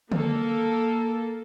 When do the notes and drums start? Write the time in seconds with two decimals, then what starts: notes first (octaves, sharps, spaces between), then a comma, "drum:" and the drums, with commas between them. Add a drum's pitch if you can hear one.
0.12 A#3 A4, drum: tom